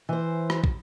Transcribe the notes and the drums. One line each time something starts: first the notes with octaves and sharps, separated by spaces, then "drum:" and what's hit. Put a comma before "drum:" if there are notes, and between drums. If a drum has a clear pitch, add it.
E3 C5
drum: rim click
drum: kick